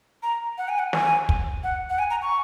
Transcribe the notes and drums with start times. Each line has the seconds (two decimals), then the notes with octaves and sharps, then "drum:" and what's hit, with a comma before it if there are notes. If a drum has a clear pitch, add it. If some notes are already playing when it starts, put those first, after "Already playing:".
0.23 A#5
0.58 F#5
0.69 G#5
0.79 F#5
0.93 G#5, drum: snare
1.29 drum: kick
1.64 F#5
1.90 F#5
1.99 G#5
2.10 A#5
2.22 C#6